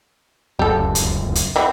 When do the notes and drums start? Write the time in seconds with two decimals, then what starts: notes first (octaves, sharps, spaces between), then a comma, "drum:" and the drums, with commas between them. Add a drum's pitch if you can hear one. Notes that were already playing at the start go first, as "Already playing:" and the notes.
0.59 D1 C#2 F#2 G4 A4
0.95 drum: hi-hat
1.35 drum: hi-hat
1.56 E3 F#3 C4